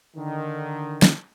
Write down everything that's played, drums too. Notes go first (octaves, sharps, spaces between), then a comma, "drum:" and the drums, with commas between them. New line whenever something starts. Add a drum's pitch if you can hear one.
D3 D#3
drum: snare